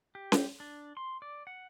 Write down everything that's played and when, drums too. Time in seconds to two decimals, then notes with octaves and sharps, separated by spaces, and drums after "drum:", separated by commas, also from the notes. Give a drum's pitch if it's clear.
0.15 G4
0.32 drum: snare C#4
0.60 D4
0.97 C6
1.22 D5
1.47 F#5